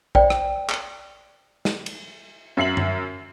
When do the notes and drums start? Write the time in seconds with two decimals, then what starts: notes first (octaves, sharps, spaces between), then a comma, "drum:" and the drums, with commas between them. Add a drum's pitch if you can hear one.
0.15 C5 D5 G5, drum: kick A#1
0.30 drum: rim click
0.70 drum: clap
1.65 drum: snare
1.86 drum: cymbal
2.57 F#2 E5 C7 F#7
2.77 drum: tom F#2